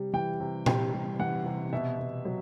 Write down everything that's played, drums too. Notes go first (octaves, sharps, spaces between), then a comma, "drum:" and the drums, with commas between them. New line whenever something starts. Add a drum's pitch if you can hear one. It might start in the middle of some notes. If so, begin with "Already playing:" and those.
Already playing: C3 G3
E3 G5
C3
C3 G5, drum: tom A#2
G3
E3 F#5
C3
B2 E5
B2
F#3